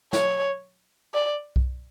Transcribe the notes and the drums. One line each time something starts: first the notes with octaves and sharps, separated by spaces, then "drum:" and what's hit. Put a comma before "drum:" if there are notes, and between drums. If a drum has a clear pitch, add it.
C#5, drum: snare
D5
drum: kick B1